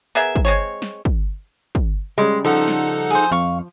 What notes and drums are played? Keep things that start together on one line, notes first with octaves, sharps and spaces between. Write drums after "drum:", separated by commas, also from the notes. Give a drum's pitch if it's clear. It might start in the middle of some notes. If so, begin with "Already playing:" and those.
B3 G#4 A#4 E5
drum: kick
G#3 C4 C#5
drum: snare
drum: kick
drum: kick
C#3 G3 G#3
F3 D#4 A4 F#5
drum: snare
G#4 C5
F2 F5 C#6